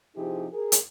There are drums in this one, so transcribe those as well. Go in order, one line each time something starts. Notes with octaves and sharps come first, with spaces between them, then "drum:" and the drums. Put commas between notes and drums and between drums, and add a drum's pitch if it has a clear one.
C3 F3 D#4 E4 G4 G#4
G#4 A#4
drum: hi-hat